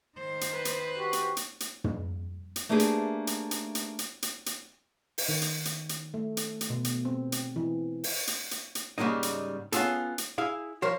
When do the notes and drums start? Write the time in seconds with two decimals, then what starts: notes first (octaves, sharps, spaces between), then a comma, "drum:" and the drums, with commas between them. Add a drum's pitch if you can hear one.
0.18 D#3 C5
0.41 drum: hi-hat
0.54 B4
0.65 drum: hi-hat
0.97 F#4 G4
1.13 drum: hi-hat
1.37 drum: hi-hat
1.60 drum: hi-hat
1.84 drum: tom
2.56 drum: hi-hat
2.69 A3 A#3 D4 G4 G#4 B4
2.80 drum: hi-hat
3.27 drum: hi-hat
3.51 drum: hi-hat
3.75 drum: hi-hat
3.99 drum: hi-hat
4.22 drum: hi-hat
4.46 drum: hi-hat
5.18 drum: open hi-hat
5.28 D#3
5.42 drum: hi-hat
5.65 drum: hi-hat
5.89 drum: hi-hat
6.14 A3
6.37 drum: hi-hat
6.61 drum: hi-hat
6.70 B2
6.85 drum: hi-hat
7.05 C4
7.32 drum: hi-hat
7.56 E3
8.04 drum: open hi-hat
8.27 drum: hi-hat
8.51 drum: hi-hat
8.75 drum: hi-hat
8.98 G#2 C#3 F3 G3 A#3 D#4
9.23 drum: hi-hat
9.72 B3 C#4 F4 G#4 A4, drum: hi-hat
10.18 drum: hi-hat
10.38 E4 G#4 F5
10.82 F3 A#4 C5 C#5